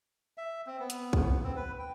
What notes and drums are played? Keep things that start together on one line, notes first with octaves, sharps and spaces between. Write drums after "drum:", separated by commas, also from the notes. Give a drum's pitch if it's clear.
E5
C4
B3
drum: hi-hat
drum: kick
C4
B4
G5